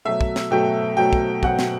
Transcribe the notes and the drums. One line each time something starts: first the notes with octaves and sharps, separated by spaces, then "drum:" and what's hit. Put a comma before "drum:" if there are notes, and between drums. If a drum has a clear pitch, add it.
B2 F#3 A3 E5
drum: kick
drum: snare
B2 F#3 A3 G5
B2 F#3 A3 G5
drum: kick
B2 F#3 A3 F#5, drum: kick
drum: snare